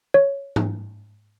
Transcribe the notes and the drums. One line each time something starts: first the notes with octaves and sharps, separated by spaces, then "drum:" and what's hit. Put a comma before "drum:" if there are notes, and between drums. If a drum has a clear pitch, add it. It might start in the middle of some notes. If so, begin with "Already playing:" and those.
C#5
drum: tom G#2